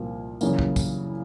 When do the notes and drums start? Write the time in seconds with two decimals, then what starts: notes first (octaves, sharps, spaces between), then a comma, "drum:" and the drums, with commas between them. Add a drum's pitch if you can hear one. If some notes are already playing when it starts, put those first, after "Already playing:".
Already playing: C2 A#2 F3 A#3
0.41 F#2 C#3 E3 G3 A#3, drum: tambourine
0.59 drum: kick
0.76 drum: kick, tambourine